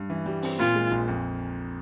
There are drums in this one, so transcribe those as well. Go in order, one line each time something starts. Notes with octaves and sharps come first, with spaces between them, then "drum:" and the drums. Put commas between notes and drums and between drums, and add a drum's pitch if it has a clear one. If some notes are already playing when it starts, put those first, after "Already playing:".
Already playing: G2
E3
G3
C4, drum: open hi-hat
A#2 F4
G#3
A#1
F2